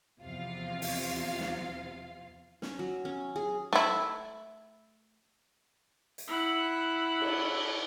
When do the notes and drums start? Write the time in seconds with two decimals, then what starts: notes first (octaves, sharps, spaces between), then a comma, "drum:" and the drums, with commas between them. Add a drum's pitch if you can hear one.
0.21 E2 C3 F3 F4 F5
0.82 drum: open hi-hat
1.41 drum: snare
2.62 C#4, drum: snare
2.79 F#3
3.05 C#4
3.36 G#4
3.73 A3 E4, drum: snare
6.18 drum: hi-hat
6.28 E4 F#5
7.21 drum: cymbal